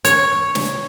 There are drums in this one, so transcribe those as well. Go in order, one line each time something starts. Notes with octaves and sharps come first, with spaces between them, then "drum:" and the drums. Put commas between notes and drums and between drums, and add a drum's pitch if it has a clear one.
C#5, drum: hi-hat
drum: snare